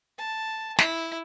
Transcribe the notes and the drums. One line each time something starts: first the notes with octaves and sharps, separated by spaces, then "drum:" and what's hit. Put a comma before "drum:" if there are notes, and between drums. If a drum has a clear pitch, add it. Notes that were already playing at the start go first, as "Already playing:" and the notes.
A5
E4, drum: snare